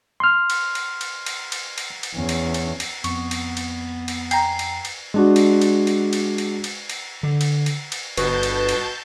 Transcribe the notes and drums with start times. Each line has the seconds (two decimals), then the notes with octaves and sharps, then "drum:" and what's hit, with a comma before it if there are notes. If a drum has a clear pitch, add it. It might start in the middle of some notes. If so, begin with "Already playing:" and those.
0.20 C6 F6
0.50 drum: cymbal
0.75 drum: cymbal
1.01 drum: cymbal
1.26 drum: cymbal
1.52 drum: cymbal
1.78 drum: cymbal
2.03 drum: cymbal
2.15 E2 C#4
2.29 drum: cymbal
2.54 drum: cymbal
2.80 drum: cymbal
3.04 F2 B3 C#6, drum: cymbal
3.31 drum: cymbal
3.57 drum: cymbal
4.08 drum: cymbal
4.31 G5 G#5 A#5 C7, drum: cymbal
4.59 drum: cymbal
4.85 drum: cymbal
5.14 G#3 D4 F#4
5.36 drum: cymbal
5.62 drum: cymbal
5.87 drum: cymbal
6.13 drum: cymbal
6.38 drum: cymbal
6.64 drum: cymbal
6.89 drum: cymbal
7.23 D3
7.41 drum: cymbal
7.66 drum: cymbal
7.92 drum: cymbal
8.17 G1 B2 B4 A5 G6, drum: cymbal
8.43 drum: cymbal
8.69 drum: cymbal